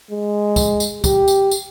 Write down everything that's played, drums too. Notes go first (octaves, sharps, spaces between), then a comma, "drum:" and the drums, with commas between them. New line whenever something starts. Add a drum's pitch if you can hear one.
G#3
drum: kick, tambourine
drum: tambourine
G4, drum: kick, tambourine
drum: tambourine
drum: tambourine